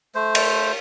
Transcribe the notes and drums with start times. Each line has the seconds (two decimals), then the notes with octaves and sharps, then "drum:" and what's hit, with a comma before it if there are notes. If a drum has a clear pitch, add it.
0.15 A3 C5
0.35 drum: cymbal